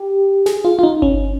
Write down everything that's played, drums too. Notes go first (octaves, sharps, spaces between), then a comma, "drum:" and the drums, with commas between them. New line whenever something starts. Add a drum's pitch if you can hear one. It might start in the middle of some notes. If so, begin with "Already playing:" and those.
Already playing: G4
G#4, drum: snare
F4
F4
D#4
C#4, drum: kick G1